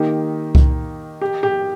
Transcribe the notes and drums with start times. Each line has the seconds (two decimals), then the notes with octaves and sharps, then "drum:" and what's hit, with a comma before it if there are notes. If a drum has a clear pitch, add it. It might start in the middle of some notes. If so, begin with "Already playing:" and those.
Already playing: D#3 A#3 D#4 G4
0.55 drum: kick C2
1.21 G4
1.43 G4